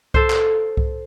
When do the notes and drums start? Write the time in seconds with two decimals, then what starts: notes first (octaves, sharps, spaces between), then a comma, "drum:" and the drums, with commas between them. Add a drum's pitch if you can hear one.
0.14 A4 C5, drum: kick C2
0.30 drum: clap
0.77 drum: kick C2